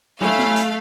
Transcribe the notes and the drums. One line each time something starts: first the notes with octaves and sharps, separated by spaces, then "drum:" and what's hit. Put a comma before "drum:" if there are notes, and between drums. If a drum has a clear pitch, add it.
A3 C#4 E4 F5, drum: tom F#3
drum: snare
drum: hi-hat